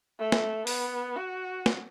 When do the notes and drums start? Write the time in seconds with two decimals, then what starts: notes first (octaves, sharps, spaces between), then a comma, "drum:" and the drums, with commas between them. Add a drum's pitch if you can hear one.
0.19 A3
0.32 drum: snare
0.67 B3, drum: open hi-hat
1.16 F#4
1.66 drum: snare